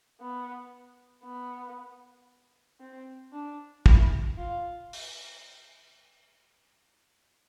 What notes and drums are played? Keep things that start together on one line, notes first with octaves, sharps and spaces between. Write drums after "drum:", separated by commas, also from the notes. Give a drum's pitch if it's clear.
B3
B3
C4
D4
E4, drum: kick
F4
drum: open hi-hat